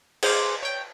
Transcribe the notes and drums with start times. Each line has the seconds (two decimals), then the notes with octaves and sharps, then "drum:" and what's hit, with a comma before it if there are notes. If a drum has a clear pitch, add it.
0.23 G#4 C5 F5 G#5 C6 D6, drum: cymbal
0.63 C#5 G5